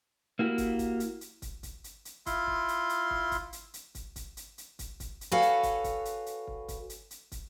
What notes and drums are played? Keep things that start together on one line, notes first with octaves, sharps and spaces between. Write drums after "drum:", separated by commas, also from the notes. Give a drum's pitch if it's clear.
A#3 E4 F#4 G4
drum: kick, hi-hat
drum: kick, hi-hat
drum: hi-hat
drum: hi-hat
drum: kick, hi-hat
drum: kick, hi-hat
drum: hi-hat
drum: hi-hat
E4 F4 C6, drum: kick, hi-hat
drum: kick
drum: hi-hat
drum: hi-hat
drum: kick
drum: kick, hi-hat
drum: hi-hat
drum: hi-hat
drum: kick, hi-hat
drum: kick, hi-hat
drum: hi-hat
drum: hi-hat
drum: kick, hi-hat
drum: kick, hi-hat
drum: hi-hat
F#4 A4 B4 C#5 F5 G#5
drum: hi-hat
drum: kick, hi-hat
drum: kick, hi-hat
drum: hi-hat
drum: hi-hat
drum: kick
drum: kick, hi-hat
drum: hi-hat
drum: hi-hat
drum: kick, hi-hat